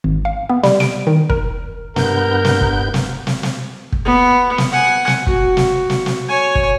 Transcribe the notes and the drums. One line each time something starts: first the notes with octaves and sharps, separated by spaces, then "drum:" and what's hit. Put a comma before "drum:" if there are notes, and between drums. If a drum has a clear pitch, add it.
G#1
F5
B3
G3, drum: snare
D7, drum: snare
D#3
A#4, drum: kick
G2 B3 A#4 G6, drum: snare
drum: snare
drum: kick
drum: snare
drum: snare
drum: snare
drum: kick
B3
drum: snare
F#5 G#5
drum: snare
F#4, drum: kick
drum: snare
drum: snare
drum: snare
C#5 G#5
drum: kick